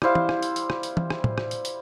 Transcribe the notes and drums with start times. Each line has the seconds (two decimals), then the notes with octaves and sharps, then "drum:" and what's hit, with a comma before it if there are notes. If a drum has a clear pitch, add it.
0.02 G3 E4 C5 F5, drum: rim click
0.15 drum: tom E3
0.29 drum: rim click
0.43 drum: hi-hat
0.56 drum: hi-hat
0.70 drum: rim click
0.83 drum: hi-hat
0.97 drum: tom E3
1.10 drum: rim click
1.24 drum: tom A2
1.38 drum: rim click
1.51 drum: hi-hat
1.65 drum: hi-hat